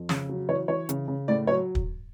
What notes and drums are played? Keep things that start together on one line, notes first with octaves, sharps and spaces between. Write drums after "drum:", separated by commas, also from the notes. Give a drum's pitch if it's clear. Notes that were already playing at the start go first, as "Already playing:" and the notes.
Already playing: F2
C#3, drum: snare
F#3
E3 C#5
E3 C#5
C#3, drum: hi-hat
C#3
A2 D5
F#3 C#5
drum: kick